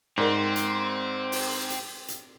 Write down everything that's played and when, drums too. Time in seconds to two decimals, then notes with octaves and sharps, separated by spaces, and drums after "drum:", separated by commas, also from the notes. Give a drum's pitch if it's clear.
0.18 G#2 C4 A#4 D5
0.56 drum: hi-hat
1.32 drum: open hi-hat
1.70 drum: hi-hat
2.08 drum: hi-hat